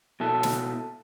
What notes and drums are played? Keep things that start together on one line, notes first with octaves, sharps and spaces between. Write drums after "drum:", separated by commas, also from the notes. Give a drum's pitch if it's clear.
B2 E4 A4
drum: snare